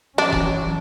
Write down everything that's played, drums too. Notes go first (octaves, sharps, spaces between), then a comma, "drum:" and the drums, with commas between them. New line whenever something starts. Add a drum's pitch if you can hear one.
E3 F#3 C#4 D4
drum: kick E1